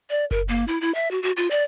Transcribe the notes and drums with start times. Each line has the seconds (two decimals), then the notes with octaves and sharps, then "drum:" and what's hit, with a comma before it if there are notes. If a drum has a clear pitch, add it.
0.10 D5, drum: hi-hat
0.31 A#4, drum: kick F#1
0.48 A#3
0.68 E4
0.81 E4
0.95 E5, drum: hi-hat
1.11 F#4
1.23 F#4
1.37 F4
1.51 D5